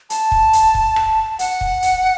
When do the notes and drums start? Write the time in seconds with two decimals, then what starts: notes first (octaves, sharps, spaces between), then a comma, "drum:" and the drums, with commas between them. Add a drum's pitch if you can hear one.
0.10 A5, drum: hi-hat
0.32 drum: kick
0.53 drum: hi-hat
0.75 drum: kick
0.96 drum: rim click
1.39 F#5, drum: hi-hat
1.61 drum: kick
1.82 drum: hi-hat